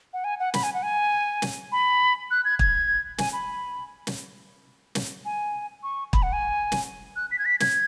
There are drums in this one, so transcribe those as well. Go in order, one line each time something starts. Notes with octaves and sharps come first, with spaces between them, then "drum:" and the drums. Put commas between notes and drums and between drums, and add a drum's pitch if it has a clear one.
F#5
G#5
F#5
B5, drum: snare
G#5
F#5
G#5
drum: snare
B5
F#6
G#6
G#6, drum: kick
G#5, drum: snare
B5
drum: snare
drum: snare
G#5
C#6
B5, drum: kick
F#5
G#5
drum: snare
F#6
B6
G#6
B6
G#6, drum: snare